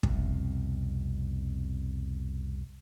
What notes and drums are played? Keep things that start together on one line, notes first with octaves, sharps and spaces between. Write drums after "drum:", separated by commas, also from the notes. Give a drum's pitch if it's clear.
C2 F2 B2, drum: kick